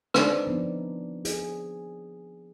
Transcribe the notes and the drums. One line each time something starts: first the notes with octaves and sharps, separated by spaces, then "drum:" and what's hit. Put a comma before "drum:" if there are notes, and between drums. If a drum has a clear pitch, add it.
C4 D4 D#4 B4 C5 D5, drum: rim click
F3 B3 D4 D#4
G#4, drum: hi-hat